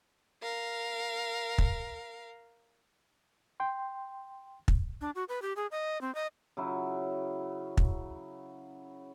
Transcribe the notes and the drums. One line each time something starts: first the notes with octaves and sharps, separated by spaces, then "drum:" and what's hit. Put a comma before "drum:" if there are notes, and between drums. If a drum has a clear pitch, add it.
A#4 F5
drum: kick
G5 C6
drum: kick
D4
F#4
B4
G4
G#4
D#5
C4
D#5
C#3 F#3 E4
drum: kick